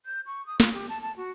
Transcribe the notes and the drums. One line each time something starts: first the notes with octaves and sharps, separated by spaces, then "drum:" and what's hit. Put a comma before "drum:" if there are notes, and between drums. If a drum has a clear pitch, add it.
G6
C#6
D#6
F4, drum: snare
G4
A5
A5
F#4